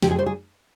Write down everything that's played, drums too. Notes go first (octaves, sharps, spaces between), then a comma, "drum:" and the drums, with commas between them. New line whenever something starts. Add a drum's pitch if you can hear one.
F2 G4, drum: snare
G#4
C#3 G3 C5
G#4